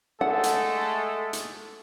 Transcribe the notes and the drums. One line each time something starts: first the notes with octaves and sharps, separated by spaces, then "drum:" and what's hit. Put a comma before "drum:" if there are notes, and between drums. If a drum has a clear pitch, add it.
G#3 A3 A4 F#5
drum: hi-hat
drum: hi-hat